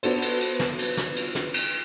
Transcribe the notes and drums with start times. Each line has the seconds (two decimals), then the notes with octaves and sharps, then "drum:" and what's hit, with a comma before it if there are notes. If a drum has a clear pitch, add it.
0.03 B3 D4 F#4 A4 C5, drum: cymbal
0.22 drum: cymbal
0.41 drum: cymbal
0.60 drum: snare
0.78 drum: cymbal
0.97 drum: snare
1.16 drum: cymbal
1.35 drum: snare
1.54 drum: cymbal